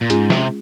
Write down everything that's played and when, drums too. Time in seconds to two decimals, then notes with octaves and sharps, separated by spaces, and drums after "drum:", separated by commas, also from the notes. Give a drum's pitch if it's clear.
0.01 A#2
0.10 G#2 G#3 C#4 F4 G#4, drum: hi-hat
0.30 C3, drum: snare